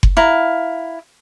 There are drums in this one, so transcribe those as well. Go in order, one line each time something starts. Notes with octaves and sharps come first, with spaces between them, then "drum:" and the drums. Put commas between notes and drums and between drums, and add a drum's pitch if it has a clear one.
drum: kick F#1
E4 F5 A#5